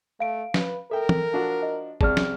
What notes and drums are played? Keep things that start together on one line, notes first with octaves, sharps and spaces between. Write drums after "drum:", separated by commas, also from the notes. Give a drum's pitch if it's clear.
A3 F5 D7
B4, drum: snare
A4 A#4 E5 G5
drum: tom
F3 D4 F#4
D#5
C2 G#4 D5 A5 F6, drum: kick
drum: snare